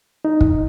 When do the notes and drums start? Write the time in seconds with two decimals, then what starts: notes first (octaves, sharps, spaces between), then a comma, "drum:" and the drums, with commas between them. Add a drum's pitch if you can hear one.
0.25 D#4
0.41 drum: kick